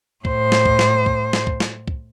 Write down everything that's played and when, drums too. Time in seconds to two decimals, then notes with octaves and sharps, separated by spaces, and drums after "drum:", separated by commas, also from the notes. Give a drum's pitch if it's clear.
0.25 A2 C5, drum: kick
0.52 drum: snare
0.65 drum: kick
0.79 drum: snare
1.06 drum: kick
1.33 drum: snare
1.47 drum: kick
1.60 drum: snare
1.88 drum: kick